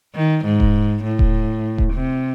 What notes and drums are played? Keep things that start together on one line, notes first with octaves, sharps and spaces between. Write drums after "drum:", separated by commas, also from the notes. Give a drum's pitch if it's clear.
D#3
G#2
drum: kick D#1
A2
drum: kick D#1
drum: kick D#1
C3